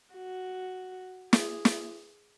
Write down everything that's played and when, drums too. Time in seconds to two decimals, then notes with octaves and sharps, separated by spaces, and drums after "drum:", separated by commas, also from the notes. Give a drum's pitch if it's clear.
0.14 F#4
1.33 G#4, drum: snare
1.65 drum: snare